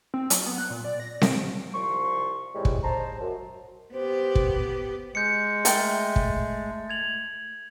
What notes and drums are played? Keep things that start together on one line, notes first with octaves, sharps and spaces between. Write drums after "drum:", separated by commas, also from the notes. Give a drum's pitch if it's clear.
C4
F#3, drum: hi-hat
B3
F#6
A#2
D5
A#6
D7, drum: snare C4
C2 F3 C5 C6 C#6
A2 C3 E3 G3 G#3
drum: kick
G#2 C5 A5 A#5
F#2
B3 G4 C5
drum: kick
G#3 G6 C#7
A3 A#4 G5, drum: hi-hat
drum: kick
G#6 F7 F#7